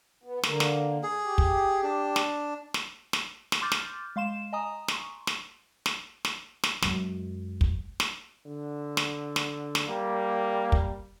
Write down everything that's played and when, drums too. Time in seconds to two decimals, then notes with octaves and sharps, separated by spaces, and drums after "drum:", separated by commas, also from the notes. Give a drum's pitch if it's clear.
0.24 B3
0.43 D3 A#3, drum: snare
0.60 drum: snare
1.03 G#4
1.23 G4
1.38 drum: kick
1.83 D4
2.16 drum: snare
2.74 drum: snare
3.13 drum: snare
3.52 drum: snare
3.62 C6 D6 F6 G6 A6
3.72 drum: snare
4.16 G#3 F5 C6 E7
4.53 D#5 G#5 A#5 D#6
4.88 C6 C#6, drum: snare
5.27 drum: snare
5.86 drum: snare
6.25 drum: snare
6.64 drum: snare
6.82 F#2 G#3, drum: snare
7.61 drum: kick
8.00 drum: snare
8.46 D3
8.97 drum: snare
9.36 drum: snare
9.75 drum: snare
9.88 G3 A#3
10.72 drum: kick